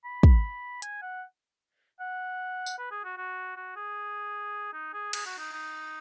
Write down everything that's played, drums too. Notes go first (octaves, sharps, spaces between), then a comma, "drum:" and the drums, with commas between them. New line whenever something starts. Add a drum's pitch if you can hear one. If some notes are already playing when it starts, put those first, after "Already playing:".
B5
drum: kick
G#5, drum: hi-hat
F#5
F#5
drum: tambourine
B4
G#4
F#4
F#4
F#4
G#4
D#4
G#4
G#4, drum: cymbal
F#4
D#4
D#4